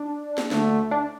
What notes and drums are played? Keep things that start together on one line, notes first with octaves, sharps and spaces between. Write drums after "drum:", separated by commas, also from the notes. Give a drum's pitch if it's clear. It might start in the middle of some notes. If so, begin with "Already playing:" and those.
Already playing: D4
drum: snare
D2 D3 A3, drum: snare
D4